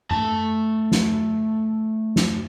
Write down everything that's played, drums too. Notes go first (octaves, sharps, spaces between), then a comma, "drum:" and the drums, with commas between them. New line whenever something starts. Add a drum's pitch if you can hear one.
A3 A5, drum: tom G#2
drum: snare
drum: snare